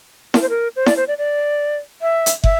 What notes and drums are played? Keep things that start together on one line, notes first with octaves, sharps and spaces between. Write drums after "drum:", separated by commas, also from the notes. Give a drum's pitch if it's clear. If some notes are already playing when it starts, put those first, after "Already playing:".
A#4, drum: snare E4
C5
A#4
C5
D5, drum: snare E4
C5
D5
D5
E5
drum: hi-hat
E5, drum: kick